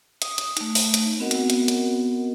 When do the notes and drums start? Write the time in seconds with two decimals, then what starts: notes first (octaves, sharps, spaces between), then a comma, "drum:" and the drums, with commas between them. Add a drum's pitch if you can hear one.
0.22 D#6, drum: hi-hat
0.38 drum: hi-hat
0.57 A3 D#4, drum: hi-hat
0.75 drum: open hi-hat
0.94 drum: hi-hat
1.20 B3 C4 F#4 A#4 D#5 F#5
1.31 drum: hi-hat
1.50 drum: hi-hat
1.68 drum: hi-hat